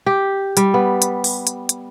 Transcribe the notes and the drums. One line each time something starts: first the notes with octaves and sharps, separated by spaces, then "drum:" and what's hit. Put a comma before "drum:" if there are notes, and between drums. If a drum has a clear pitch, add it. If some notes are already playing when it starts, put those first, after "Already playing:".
G4
G3, drum: hi-hat
B3
drum: hi-hat
drum: open hi-hat
drum: hi-hat
drum: hi-hat